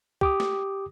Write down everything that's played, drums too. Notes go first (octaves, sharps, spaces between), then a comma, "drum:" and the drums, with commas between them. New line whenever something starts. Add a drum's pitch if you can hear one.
G4 D6 D#6, drum: kick
drum: snare